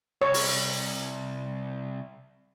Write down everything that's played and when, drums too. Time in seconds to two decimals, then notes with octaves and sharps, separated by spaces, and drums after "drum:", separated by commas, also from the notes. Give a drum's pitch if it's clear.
0.21 C2 C#5
0.34 drum: open hi-hat